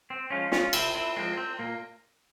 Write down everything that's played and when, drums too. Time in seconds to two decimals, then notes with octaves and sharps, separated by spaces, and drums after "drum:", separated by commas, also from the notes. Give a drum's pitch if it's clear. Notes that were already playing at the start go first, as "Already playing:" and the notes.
0.10 C4
0.30 F3 G#3 C#4 F4
0.52 C#4 F4, drum: snare
0.73 C3 C4 E4, drum: cymbal
0.95 C4 E4
1.17 F3 G#3 C4
1.37 C4
1.59 A#2 A#3